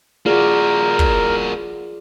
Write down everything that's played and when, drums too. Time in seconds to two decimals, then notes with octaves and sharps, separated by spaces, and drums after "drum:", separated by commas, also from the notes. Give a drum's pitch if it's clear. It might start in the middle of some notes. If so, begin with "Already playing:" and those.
0.26 A#3 F4 F#4 G#4 A#4 D5
0.99 drum: kick